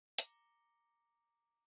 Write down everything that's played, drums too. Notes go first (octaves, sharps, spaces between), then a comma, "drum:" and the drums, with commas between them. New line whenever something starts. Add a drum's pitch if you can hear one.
A#5 D6 A#6 C#7 G7, drum: hi-hat